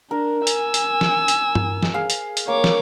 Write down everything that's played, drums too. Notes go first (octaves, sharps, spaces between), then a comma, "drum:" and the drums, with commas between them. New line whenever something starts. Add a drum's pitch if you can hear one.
D4 A#4
G#5 E6, drum: hi-hat
drum: hi-hat
drum: snare
drum: hi-hat
drum: tom G2
drum: snare
G#4 F5
drum: hi-hat
drum: hi-hat
A#3 C#5 D6
drum: snare